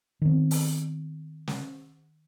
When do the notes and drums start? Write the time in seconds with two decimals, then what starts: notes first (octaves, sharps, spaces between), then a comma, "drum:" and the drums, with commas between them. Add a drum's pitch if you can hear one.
0.21 D#3 B3 C4
0.51 drum: open hi-hat
1.47 drum: snare